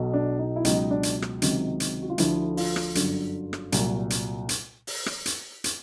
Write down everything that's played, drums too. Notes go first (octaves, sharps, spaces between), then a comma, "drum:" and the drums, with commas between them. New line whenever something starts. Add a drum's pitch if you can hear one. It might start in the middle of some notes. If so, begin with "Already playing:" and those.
Already playing: B1 B2 F#3
D4
D#4
E4
C#2 B2 F#3 D#4, drum: hi-hat
D4
drum: hi-hat
drum: rim click
C#2 C3 D#3 F#3, drum: hi-hat
drum: hi-hat
F#4
F4
D2 D3 F3 E4, drum: hi-hat
F4, drum: open hi-hat
drum: rim click
G1 F#2 D3 F#3, drum: hi-hat
drum: rim click
C2 A#2 F#3, drum: hi-hat
drum: hi-hat
drum: hi-hat
drum: open hi-hat
drum: rim click
drum: hi-hat
drum: hi-hat